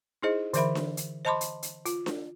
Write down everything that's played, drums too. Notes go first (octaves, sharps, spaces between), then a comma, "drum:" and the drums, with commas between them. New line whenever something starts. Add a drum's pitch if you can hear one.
D#4 E4 G#4 C5 D#5
D3 E3 A#4 C5 E5 B5, drum: hi-hat
drum: snare D4
drum: hi-hat
C5 D#5 A5 B5 C6 D6
drum: hi-hat
drum: hi-hat
F4, drum: hi-hat
drum: snare D4